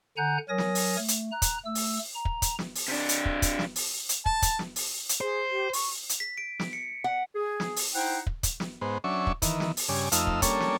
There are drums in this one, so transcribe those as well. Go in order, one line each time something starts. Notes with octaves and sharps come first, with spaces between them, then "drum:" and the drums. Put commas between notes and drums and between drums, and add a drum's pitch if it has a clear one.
D3 F#5 G#5 A#5 F#6 G6
F#3 A#4 C#5 G#5 D#6 A#6
drum: snare
drum: open hi-hat
A3
drum: hi-hat
A#5 F#6
drum: kick, hi-hat
A3 E6
drum: open hi-hat
A#5
drum: kick
drum: kick, hi-hat
drum: snare
drum: open hi-hat
C3 D4
drum: hi-hat
drum: kick
drum: kick, hi-hat
drum: snare
drum: open hi-hat
drum: hi-hat
A5, drum: kick
drum: kick, hi-hat
drum: snare
drum: open hi-hat
drum: hi-hat
G#4 C5
G4
C#6, drum: open hi-hat
drum: hi-hat
B6
D7
drum: snare
C#7
F#5
G#4
drum: snare
drum: open hi-hat
D#4 E4 C5 F#5 G5
drum: kick
drum: kick, hi-hat
drum: snare
G#2 B3 C5
F#3 C#4 D4 E5 C#6
drum: kick
D#3 E3, drum: kick, hi-hat
drum: snare
drum: open hi-hat
G2 C#3 G#5 D6
F2 A3 D#4 F5 E6, drum: hi-hat
drum: kick
G3 A#3 C#4 D4 A4 C#5, drum: kick, hi-hat
drum: snare